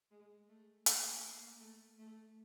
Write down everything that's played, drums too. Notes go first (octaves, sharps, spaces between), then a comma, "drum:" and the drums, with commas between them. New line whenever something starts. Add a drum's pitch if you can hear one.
G#3
A3
A#3, drum: hi-hat
A#3
A3
A3